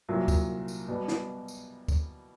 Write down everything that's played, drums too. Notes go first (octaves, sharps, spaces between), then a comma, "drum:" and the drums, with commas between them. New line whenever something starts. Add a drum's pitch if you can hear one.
C2 A#2 F#3
drum: kick, tambourine
drum: tambourine
B2 G3 B3
drum: snare
drum: tambourine
drum: kick, tambourine